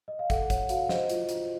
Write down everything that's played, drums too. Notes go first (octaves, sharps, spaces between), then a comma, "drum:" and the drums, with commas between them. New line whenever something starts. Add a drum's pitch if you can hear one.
D#5
F5
A4 F#5, drum: kick, hi-hat
C#5 F#5, drum: kick, hi-hat
F#4 F5, drum: hi-hat
C5 D#5, drum: snare
F4, drum: hi-hat
F4, drum: hi-hat